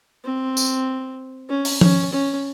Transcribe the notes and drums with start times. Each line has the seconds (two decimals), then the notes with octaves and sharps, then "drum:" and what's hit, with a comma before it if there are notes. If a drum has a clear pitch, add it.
0.25 C4
0.57 drum: tambourine
1.50 C#4
1.65 drum: open hi-hat
1.81 C#4, drum: tom F3
2.13 C#4